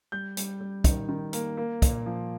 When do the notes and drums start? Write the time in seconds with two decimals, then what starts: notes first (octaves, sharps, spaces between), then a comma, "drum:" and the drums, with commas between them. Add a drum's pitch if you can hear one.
0.12 G3 G6
0.37 G3, drum: hi-hat
0.61 G3
0.84 D#3, drum: kick, hi-hat
1.09 D#3
1.33 A#3, drum: hi-hat
1.57 A#3
1.82 A#2, drum: kick, hi-hat
2.06 F3